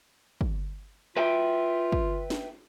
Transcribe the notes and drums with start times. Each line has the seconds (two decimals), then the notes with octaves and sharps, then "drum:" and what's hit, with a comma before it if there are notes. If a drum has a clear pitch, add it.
0.41 drum: kick
1.17 F4 B4 E5 G5
1.92 drum: kick
2.30 drum: snare